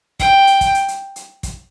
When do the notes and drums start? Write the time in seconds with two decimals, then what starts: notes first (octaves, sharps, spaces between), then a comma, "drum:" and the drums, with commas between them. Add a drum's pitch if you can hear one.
0.19 G5, drum: kick, hi-hat
0.47 drum: hi-hat
0.61 drum: kick, hi-hat
0.75 drum: hi-hat
0.88 drum: hi-hat
1.16 drum: hi-hat
1.43 drum: kick, hi-hat